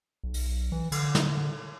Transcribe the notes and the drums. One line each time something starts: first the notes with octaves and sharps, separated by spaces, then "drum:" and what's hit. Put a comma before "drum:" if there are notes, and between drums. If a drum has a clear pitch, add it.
B1
drum: open hi-hat
E3
D3, drum: cymbal
drum: snare